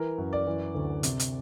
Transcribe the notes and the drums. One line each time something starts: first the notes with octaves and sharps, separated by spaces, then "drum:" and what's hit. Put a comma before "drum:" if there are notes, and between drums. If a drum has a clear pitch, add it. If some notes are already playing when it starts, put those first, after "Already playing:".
Already playing: E3 A#4
F#2
D5
E3
D2
C3, drum: hi-hat
drum: hi-hat